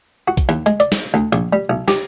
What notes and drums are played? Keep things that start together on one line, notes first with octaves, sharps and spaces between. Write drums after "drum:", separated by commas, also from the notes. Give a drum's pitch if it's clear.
F#4
drum: kick, hi-hat
D#2, drum: hi-hat
G#3, drum: hi-hat
D5, drum: hi-hat
drum: snare
D2
A#1, drum: hi-hat
G3
B1
G4, drum: snare